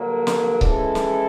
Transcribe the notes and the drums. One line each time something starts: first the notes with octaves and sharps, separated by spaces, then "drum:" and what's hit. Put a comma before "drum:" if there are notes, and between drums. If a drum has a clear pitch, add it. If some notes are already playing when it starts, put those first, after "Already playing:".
Already playing: G2 D3 F#3 A#3
drum: snare
E3 G#3 C#4 E4 A4, drum: kick C#1
drum: snare